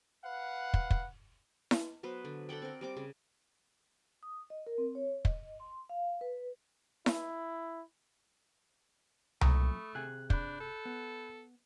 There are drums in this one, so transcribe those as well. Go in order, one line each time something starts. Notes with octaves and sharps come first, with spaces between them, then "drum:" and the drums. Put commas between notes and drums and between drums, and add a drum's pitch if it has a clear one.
B4 F5 F#5
drum: kick
drum: kick
drum: snare E4
F#3 B3 B4 C5
D3
A4 D5 F#5 G5
C4 A#4
G3 C4 D6
C#3
D#6
D#5
A#4
C4
C#5
D#5, drum: kick
C6
F5
B4
E4, drum: snare E4
F#2 A#2 A3 A#5 B5 C#6 D#6, drum: tom C2
C3 G#4 G#5 F#6
D4 B5 F#6 G6, drum: kick
A4
B3